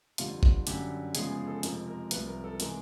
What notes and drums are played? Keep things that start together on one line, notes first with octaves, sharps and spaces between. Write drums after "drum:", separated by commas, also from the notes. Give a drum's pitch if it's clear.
F2 D3 G3 F4, drum: hi-hat
drum: kick G1
F#2 D3 G3 G4, drum: hi-hat
E2 C#3 F3 G#3 G#4, drum: hi-hat
G#4
A4
F2 C3 F3 G#3 A#4, drum: hi-hat
A#4
C2 C3 F3 B4, drum: hi-hat
A#4
A4
C3 E3 G#3 A#4, drum: hi-hat